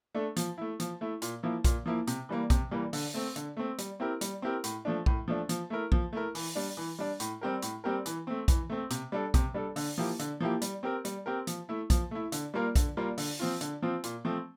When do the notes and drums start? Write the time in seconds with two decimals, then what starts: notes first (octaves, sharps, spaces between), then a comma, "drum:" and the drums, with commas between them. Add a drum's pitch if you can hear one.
0.15 A3 D4 A4
0.36 F3, drum: hi-hat
0.58 A3 E4
0.80 F3, drum: hi-hat
1.01 A3 E4
1.22 A#2, drum: hi-hat
1.43 F3 A#3 E4
1.64 A#2, drum: kick A#1, hi-hat
1.86 F3 A#3 E4
2.07 C3, drum: hi-hat
2.29 E3 G3 A#3
2.50 C3, drum: kick A#1, hi-hat
2.71 E3 G3 A#3
2.93 D3, drum: open hi-hat
3.14 A3 C4
3.36 D3, drum: hi-hat
3.57 A3 C4
3.78 G3, drum: hi-hat
4.00 C4 E4 G4 A#4
4.21 G3, drum: hi-hat
4.42 C4 E4 G4 A#4
4.64 A2, drum: hi-hat
4.85 F3 A3 D4
5.06 A2, drum: kick A#1
5.28 F3 A3 D4
5.49 F3, drum: hi-hat
5.70 A3 E4 A#4
5.92 F3, drum: kick A#1
6.13 A3 E4 A#4
6.35 E3, drum: open hi-hat
6.55 G3 D4
6.77 E3
6.99 G3 D4
7.20 A2, drum: hi-hat
7.41 G3 C4 G4 A#4
7.62 A2, drum: hi-hat
7.84 G3 C4 G4 A#4
8.06 E3, drum: hi-hat
8.27 A3 C4
8.48 E3, drum: kick A#1, hi-hat
8.70 A3 C4
8.90 C3, drum: hi-hat
9.12 G3 D4 A4
9.34 C3, drum: kick A#1, hi-hat
9.54 G3 D4 A4
9.76 D3, drum: open hi-hat
9.98 F3 A#3 E4 G4
10.19 D3, drum: hi-hat
10.40 F3 A#3 E4 G4
10.62 G3, drum: hi-hat
10.83 C4 G4 A#4
11.05 G3, drum: hi-hat
11.26 C4 G4 A#4
11.47 F3, drum: hi-hat
11.69 A3 E4
11.90 F3, drum: kick A#1, hi-hat
12.11 A3 E4
12.32 D3, drum: hi-hat
12.54 G3 A#3 F4 A#4
12.75 D3, drum: kick A#1, hi-hat
12.97 G3 A#3 F4 A#4
13.18 D3, drum: open hi-hat
13.40 F3 C4 F4
13.61 D3, drum: hi-hat
13.82 F3 C4 F4
14.04 A#2, drum: hi-hat
14.25 F3 A3 C4